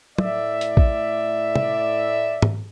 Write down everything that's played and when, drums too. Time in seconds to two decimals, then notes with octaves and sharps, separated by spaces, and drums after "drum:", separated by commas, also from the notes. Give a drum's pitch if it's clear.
0.18 A2 D5 E5, drum: tom
0.61 drum: hi-hat
0.77 drum: kick A#1
1.56 drum: tom
2.42 drum: tom